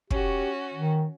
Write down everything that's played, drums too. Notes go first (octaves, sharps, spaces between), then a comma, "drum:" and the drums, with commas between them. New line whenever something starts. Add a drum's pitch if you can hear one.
C#4 F#4 G4, drum: kick
D#3